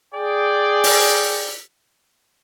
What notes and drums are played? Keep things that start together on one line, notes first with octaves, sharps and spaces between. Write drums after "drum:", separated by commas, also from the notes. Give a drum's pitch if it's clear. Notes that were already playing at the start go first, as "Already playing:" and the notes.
G#4 D5 G5
drum: open hi-hat